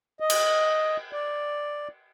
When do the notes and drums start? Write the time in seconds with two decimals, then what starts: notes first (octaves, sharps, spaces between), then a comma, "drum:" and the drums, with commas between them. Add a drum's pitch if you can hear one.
0.20 D#5
0.30 drum: cymbal
1.13 D5